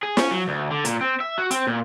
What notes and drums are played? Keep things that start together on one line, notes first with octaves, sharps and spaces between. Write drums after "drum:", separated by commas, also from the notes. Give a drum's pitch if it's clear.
G#4
C#4, drum: snare
F#3
D2
D3
A#2, drum: hi-hat
C4
E5
F#4
C4, drum: hi-hat
A#2